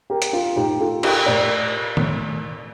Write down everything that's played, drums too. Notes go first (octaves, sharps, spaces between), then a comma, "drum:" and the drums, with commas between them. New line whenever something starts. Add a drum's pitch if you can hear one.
G4 A#4
drum: hi-hat
F4
A2 D#4 G4
F4 A4
G4 A#4, drum: cymbal
A2 A#4 D5
A2, drum: tom D#3